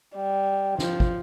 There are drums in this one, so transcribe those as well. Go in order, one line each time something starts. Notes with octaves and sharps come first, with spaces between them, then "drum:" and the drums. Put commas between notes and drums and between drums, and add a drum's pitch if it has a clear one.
G3
F3, drum: snare
drum: kick